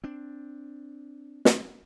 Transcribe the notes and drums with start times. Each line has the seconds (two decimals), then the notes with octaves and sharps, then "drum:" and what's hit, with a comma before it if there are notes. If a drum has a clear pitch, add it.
0.04 C4 D4
1.45 drum: snare